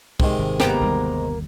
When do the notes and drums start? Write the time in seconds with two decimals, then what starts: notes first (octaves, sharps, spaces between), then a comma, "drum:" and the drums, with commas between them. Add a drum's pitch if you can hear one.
0.20 C3 D#3 G#3, drum: kick
0.39 G#1
0.60 A#3 B3 G4 A#5, drum: snare
0.81 G1 D#2 G3